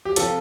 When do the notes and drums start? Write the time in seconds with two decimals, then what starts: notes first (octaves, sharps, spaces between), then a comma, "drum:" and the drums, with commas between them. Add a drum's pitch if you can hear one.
0.05 G4
0.16 C3 F3 F4 A4, drum: hi-hat